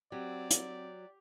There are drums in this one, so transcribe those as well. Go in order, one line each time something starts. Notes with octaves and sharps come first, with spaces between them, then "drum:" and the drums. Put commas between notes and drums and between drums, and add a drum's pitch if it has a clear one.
F#3 C4 G4 D5
drum: hi-hat